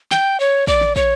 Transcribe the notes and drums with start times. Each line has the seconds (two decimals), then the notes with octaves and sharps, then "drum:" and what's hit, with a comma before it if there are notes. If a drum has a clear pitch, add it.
0.11 G5, drum: snare
0.40 C#5
0.67 D5, drum: kick
0.81 drum: snare
0.96 C#5, drum: kick